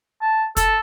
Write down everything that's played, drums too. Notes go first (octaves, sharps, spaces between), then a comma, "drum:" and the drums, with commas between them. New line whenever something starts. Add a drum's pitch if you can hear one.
A5
A4, drum: kick, hi-hat